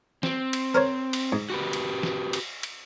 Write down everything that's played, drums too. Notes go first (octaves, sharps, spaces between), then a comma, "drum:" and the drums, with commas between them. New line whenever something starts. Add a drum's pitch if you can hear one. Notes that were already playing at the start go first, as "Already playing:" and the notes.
C4, drum: snare
drum: cymbal
A#4 C5 C#5
drum: cymbal
G#2
F#4 G4 B4
drum: cymbal
drum: snare
drum: cymbal
drum: cymbal